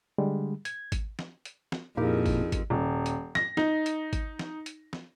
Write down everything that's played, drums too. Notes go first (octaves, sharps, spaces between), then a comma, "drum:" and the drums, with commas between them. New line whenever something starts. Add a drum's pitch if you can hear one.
D3 G3 G#3
G#6, drum: hi-hat
drum: kick G#1, hi-hat
drum: snare
drum: hi-hat
drum: snare
F2 A#2 A#3 D#4 E4 G4 G#4 A#4
drum: kick G#1, open hi-hat
drum: kick G#1, hi-hat
D#1
drum: hi-hat
A#6, drum: snare
D#4, drum: snare
drum: hi-hat
drum: kick G#1, hi-hat
drum: snare
drum: hi-hat
drum: snare